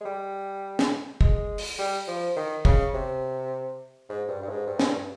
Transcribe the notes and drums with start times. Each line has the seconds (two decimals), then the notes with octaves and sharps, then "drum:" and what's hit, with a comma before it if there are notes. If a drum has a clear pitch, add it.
0.01 G#3
0.05 G3
0.79 drum: snare
1.21 G#3, drum: kick
1.58 drum: open hi-hat
1.79 G3
2.07 F3
2.36 D#3
2.65 C#3, drum: kick
2.94 C3
4.09 G#2
4.28 G2
4.42 G2
4.48 G#2
4.67 G2
4.79 G#2, drum: snare
4.87 G2